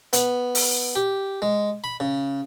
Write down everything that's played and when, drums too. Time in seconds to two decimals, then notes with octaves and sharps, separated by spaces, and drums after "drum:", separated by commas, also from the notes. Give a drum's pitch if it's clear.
0.13 B3, drum: hi-hat
0.55 drum: open hi-hat
0.96 G4
1.42 G#3
1.84 B5
2.00 C#3